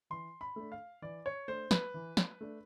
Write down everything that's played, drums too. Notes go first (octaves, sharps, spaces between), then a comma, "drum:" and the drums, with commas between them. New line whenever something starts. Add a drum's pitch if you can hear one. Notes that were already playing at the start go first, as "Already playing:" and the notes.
E3 C6
B5
A3 D4
F5
E3 D5
C#5
A3 D4 C5
B4, drum: snare
E3
drum: snare
A3 D4